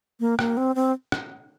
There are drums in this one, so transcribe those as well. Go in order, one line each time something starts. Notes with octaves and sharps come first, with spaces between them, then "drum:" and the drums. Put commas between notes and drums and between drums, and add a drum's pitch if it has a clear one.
A#3
A#3, drum: rim click
C4
C4
drum: rim click